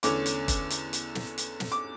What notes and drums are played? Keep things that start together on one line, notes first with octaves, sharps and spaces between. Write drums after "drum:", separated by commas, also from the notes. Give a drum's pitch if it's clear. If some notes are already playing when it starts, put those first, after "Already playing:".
E2 D3 A3 C#4 D6, drum: hi-hat
drum: hi-hat
drum: kick, hi-hat
drum: hi-hat
drum: hi-hat
drum: snare
drum: hi-hat
drum: snare
D6